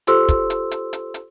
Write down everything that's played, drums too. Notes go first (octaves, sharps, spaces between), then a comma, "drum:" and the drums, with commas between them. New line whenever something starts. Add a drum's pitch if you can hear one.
F4 G4 A4 C5 C6 E6, drum: hi-hat
drum: kick, hi-hat
drum: hi-hat
drum: hi-hat
drum: hi-hat
drum: hi-hat